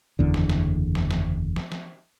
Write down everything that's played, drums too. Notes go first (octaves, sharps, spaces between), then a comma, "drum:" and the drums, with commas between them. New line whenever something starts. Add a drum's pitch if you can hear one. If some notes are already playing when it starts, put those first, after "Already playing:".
F#1 E2 D3
drum: snare
drum: snare
drum: snare
drum: snare
drum: snare
drum: snare